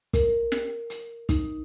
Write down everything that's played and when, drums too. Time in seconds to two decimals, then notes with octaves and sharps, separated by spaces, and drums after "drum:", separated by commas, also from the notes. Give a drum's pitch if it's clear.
0.14 A#4, drum: kick, hi-hat
0.52 drum: snare
0.90 drum: hi-hat
1.29 D#4, drum: kick, hi-hat